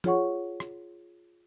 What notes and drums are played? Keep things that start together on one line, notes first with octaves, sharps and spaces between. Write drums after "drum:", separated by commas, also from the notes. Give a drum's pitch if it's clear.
F4 G#4 C#5 F#5 C#6, drum: tom
drum: rim click